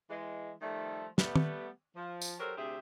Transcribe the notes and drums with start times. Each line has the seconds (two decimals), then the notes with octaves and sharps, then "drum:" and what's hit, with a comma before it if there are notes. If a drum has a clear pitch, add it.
0.10 E3 G#3
0.61 D#3 F3 G3 A3
1.18 G3 A3 B3, drum: snare
1.36 drum: tom
1.96 F3
2.21 drum: tambourine
2.39 F#3 F#4 G4 A4 A#4 C5
2.57 D2 C3 G4 G#4 C5 E5